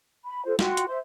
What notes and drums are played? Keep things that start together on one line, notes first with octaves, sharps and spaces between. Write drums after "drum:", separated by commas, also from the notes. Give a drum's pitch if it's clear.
B5
F4 A4 C5
F4 F#4 G5 C6, drum: snare
drum: hi-hat
C5 E5 C6